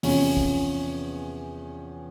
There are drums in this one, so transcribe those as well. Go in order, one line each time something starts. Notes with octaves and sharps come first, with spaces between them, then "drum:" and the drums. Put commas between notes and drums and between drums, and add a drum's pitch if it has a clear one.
E2 C3 F3 C#4, drum: open hi-hat
drum: kick